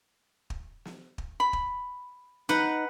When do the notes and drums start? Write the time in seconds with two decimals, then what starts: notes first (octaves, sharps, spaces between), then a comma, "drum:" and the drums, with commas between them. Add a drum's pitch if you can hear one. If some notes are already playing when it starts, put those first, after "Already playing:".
0.50 drum: kick
0.85 drum: snare
1.18 drum: kick
1.40 B5
1.53 drum: kick
2.49 D#4 B4 F#5, drum: snare